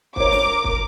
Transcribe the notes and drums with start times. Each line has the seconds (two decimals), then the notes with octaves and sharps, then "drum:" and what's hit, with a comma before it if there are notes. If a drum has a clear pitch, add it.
0.16 A#4 C5 C#5 D6, drum: kick
0.32 drum: snare
0.64 drum: kick